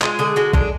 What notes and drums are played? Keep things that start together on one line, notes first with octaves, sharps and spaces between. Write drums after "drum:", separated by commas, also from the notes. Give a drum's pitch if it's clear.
G#3 F4, drum: clap
D3 G#4
G#3 F#4
G#3 D4, drum: kick